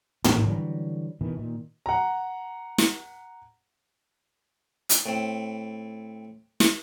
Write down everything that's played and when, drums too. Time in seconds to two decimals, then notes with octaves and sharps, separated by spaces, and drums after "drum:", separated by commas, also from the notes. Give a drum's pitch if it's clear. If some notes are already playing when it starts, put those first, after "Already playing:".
0.24 E1 A#1 A#3, drum: tom
0.47 D3 E3 F#3 G3
1.21 B2 D#3 E3
1.37 A#2 D#3
1.86 F#5 A#5
2.78 drum: snare
4.89 drum: hi-hat
5.06 A2 C4
6.60 drum: snare